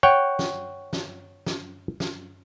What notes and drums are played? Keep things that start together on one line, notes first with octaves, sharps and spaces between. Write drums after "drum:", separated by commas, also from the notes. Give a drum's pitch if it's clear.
C#5 F#5 G5
drum: snare
drum: snare
drum: snare
drum: snare